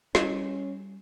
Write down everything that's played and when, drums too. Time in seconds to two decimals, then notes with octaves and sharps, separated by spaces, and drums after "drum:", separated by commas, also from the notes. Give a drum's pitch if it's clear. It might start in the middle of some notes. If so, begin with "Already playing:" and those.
0.15 G3 C#4 E4 F#4 D#5, drum: snare